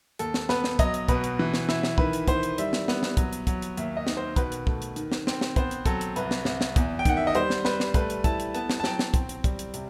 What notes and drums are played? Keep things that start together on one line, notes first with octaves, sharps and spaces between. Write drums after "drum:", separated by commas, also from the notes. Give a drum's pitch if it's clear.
D#2 A4, drum: hi-hat
drum: snare
B3 B4, drum: snare
drum: snare
F#3 D#5, drum: kick, hi-hat
drum: hi-hat
B2 B4, drum: kick, hi-hat
drum: hi-hat
E3
drum: snare
E4, drum: snare
drum: snare
D#3 B4, drum: kick
drum: hi-hat
D#3 C5, drum: kick, hi-hat
drum: hi-hat
G3 E5, drum: hi-hat
drum: snare
B3, drum: snare
drum: snare
F#3, drum: kick, hi-hat
drum: hi-hat
F#3, drum: kick, hi-hat
drum: hi-hat
D#2 E5, drum: hi-hat
D#5
D#3, drum: snare
C5
B2 B4, drum: kick, hi-hat
drum: hi-hat
A3, drum: kick
drum: hi-hat
D#3, drum: hi-hat
drum: snare
C4, drum: snare
drum: snare
B3 C5, drum: kick, hi-hat
drum: hi-hat
F#3 A4, drum: kick, hi-hat
drum: hi-hat
C2 B4, drum: hi-hat
drum: snare
C2, drum: snare
drum: snare
E2, drum: kick, hi-hat
G5
D#3 F#5, drum: kick, hi-hat
E5
D#5
G3 C5, drum: hi-hat
drum: snare
G3 B4, drum: snare
drum: snare
A3 B4, drum: kick, hi-hat
drum: hi-hat
E4 A5, drum: kick, hi-hat
drum: hi-hat
B3 A5, drum: hi-hat
drum: snare
A5
F#3 G5, drum: snare
drum: snare
C4, drum: kick, hi-hat
drum: hi-hat
G3, drum: kick, hi-hat
drum: hi-hat
C3, drum: hi-hat